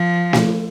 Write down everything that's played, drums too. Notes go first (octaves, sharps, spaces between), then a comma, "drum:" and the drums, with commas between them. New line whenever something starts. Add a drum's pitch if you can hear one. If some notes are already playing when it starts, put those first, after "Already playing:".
Already playing: F3
drum: snare